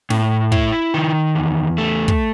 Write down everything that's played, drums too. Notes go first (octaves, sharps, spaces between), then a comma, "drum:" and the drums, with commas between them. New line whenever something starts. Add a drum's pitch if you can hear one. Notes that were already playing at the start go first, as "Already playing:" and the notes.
A2, drum: snare
E4, drum: kick
D#3
E2
A3
drum: kick